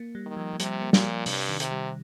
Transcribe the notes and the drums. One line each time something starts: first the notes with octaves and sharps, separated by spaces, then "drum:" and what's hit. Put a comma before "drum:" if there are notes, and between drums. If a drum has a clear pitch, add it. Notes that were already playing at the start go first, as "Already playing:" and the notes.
Already playing: A#3
G3
D#3
F3
F3
C3 G3, drum: hi-hat
A#3
A#2, drum: snare
F3
G2 C3, drum: open hi-hat
D#3
C3, drum: hi-hat
G3